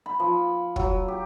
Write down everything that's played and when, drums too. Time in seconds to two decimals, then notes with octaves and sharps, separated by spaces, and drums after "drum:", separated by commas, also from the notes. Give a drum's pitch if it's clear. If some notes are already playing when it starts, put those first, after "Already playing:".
0.06 B5
0.20 F3
0.76 F#3, drum: kick
1.08 G4